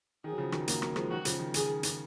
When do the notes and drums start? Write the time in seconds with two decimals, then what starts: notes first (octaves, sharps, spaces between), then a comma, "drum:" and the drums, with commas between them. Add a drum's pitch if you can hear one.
0.24 D#3 G#4
0.32 F#3
0.38 C#3 F3
0.52 D#3 F#3, drum: rim click
0.68 F#3 A#3, drum: hi-hat
0.82 F#3 A#3, drum: rim click
0.96 F3 G#3, drum: rim click
1.11 D#3 F#3 F#4
1.25 C#3 F3, drum: hi-hat
1.39 D#3
1.54 D#3 G#4, drum: hi-hat
1.83 drum: hi-hat